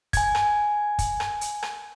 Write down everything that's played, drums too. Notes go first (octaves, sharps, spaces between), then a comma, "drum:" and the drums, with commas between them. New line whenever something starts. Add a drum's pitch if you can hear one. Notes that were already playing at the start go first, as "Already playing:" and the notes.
G#5 G#6, drum: kick, hi-hat
drum: rim click
drum: kick, hi-hat
drum: rim click
drum: hi-hat
drum: rim click